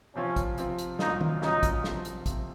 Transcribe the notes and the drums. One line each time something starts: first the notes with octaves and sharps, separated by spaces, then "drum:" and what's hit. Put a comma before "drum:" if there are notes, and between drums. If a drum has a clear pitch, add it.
C3 F3 C4 C#4 F4
drum: kick, hi-hat
C3 F3 C4 F4, drum: hi-hat
drum: hi-hat
C2 A#2 F#3 C#4 D#4 F4, drum: snare
drum: tom D#3
C2 A#2 F#3 C#4 D#4 F4, drum: snare
drum: kick, hi-hat
C3 F3 C4, drum: snare
drum: hi-hat
C3 F3 C4, drum: kick, hi-hat